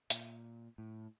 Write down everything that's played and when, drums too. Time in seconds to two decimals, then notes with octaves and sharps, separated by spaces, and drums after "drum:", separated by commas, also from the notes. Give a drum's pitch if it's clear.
0.10 A#2, drum: hi-hat
0.78 A2